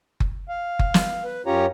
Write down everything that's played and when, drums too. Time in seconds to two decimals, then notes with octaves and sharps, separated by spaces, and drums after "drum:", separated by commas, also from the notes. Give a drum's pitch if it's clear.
0.20 drum: kick F#1
0.49 F5
0.79 drum: kick F#1
0.94 drum: snare
1.24 B4
1.46 F#2 C#4 F4 G4 C#5 A#5